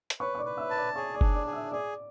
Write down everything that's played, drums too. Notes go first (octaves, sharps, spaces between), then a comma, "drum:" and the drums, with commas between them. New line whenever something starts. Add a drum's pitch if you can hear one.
drum: hi-hat
B4 C#5 C#6
C#6
D5 D6
B4
E5 E6
A5
D5 D6
G#4 C#5 C#6
D5 D6
D4, drum: kick
D5 D6
G#4
E5 E6
G#4 D5 D6